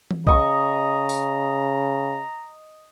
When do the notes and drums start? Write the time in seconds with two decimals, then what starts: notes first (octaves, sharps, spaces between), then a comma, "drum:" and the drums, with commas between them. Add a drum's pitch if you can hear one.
0.11 drum: tom E3
0.27 C#3 D#5 A#5 C#6, drum: kick
1.09 drum: tambourine